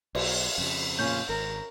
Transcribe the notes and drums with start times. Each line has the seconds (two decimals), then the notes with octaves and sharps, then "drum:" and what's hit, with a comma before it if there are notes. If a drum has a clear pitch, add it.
0.15 B1 D5, drum: cymbal
0.58 F2 C#3
0.99 A#2 C#4 F4 G6
1.29 G#1 A#4 A#5